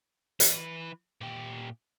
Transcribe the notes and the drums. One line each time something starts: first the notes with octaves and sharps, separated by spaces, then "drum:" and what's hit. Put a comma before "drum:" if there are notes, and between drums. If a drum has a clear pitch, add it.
E3 B4, drum: hi-hat
A#2 G4